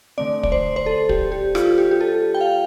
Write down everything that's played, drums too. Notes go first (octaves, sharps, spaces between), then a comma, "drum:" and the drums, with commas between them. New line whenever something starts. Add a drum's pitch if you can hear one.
D3 A3 C4 D5
D5, drum: kick
C5
C5
A4
G4, drum: kick
G4
F4, drum: rim click
G4
G4
A4
G5
F5